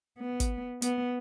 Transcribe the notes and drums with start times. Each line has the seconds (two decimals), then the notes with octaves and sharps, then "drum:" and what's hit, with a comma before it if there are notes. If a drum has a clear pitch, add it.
0.19 B3
0.40 drum: kick, hi-hat
0.82 B3, drum: hi-hat